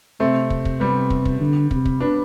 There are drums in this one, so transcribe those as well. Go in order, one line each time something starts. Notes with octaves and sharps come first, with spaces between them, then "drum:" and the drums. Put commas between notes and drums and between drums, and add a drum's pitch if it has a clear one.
C3 A3 C4
drum: kick
drum: kick
G3 B3
drum: kick
drum: kick
D3
C3, drum: kick
drum: kick
B3 D4